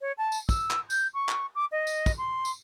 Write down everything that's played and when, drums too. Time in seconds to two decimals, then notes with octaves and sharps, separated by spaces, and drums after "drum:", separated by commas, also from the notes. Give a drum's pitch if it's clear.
0.01 C#5
0.18 A5
0.32 drum: tambourine
0.49 E6, drum: kick, tambourine
0.71 drum: clap
0.90 G6, drum: tambourine
1.14 C#6
1.29 drum: clap
1.55 D6
1.72 D#5
1.87 drum: tambourine
2.06 drum: kick, tambourine
2.18 C6
2.45 drum: tambourine